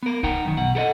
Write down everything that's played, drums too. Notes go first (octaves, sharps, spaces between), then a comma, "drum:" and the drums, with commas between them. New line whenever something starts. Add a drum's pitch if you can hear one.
B3 A#4
D#4 F#5 G5 A#5, drum: kick
F#2 D#3
B2 F#5
G4 A4 A#4 D#5 F#5